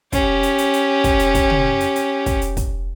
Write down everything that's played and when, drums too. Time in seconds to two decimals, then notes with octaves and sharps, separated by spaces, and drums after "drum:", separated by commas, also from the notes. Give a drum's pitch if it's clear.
0.12 C#4 G4, drum: kick, hi-hat
0.43 drum: hi-hat
0.58 drum: hi-hat
0.74 drum: hi-hat
1.04 drum: kick, hi-hat
1.19 drum: hi-hat
1.35 drum: kick, hi-hat
1.50 drum: tom
1.80 drum: hi-hat
1.96 drum: hi-hat
2.26 drum: kick, hi-hat
2.41 drum: hi-hat
2.57 drum: kick, hi-hat